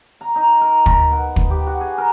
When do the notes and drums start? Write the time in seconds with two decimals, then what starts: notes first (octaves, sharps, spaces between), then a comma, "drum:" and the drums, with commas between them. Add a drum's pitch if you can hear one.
0.21 A#5
0.36 D#4
0.61 A#4
0.86 A#4, drum: kick
1.11 B3
1.36 drum: kick
1.50 G4
1.67 F#4
1.81 G#4
1.98 A#4